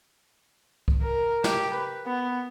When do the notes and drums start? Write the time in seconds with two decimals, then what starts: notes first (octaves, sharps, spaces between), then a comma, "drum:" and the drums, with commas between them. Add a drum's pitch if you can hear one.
0.88 drum: kick C2
1.02 A#4
1.44 G4, drum: snare
1.73 B4
2.07 B3